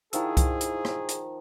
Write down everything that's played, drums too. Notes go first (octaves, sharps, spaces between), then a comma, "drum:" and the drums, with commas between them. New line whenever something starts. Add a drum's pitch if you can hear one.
D#3 F3 E4 G#4 F5 E6, drum: hi-hat
drum: kick C2, hi-hat
drum: hi-hat
drum: rim click
drum: hi-hat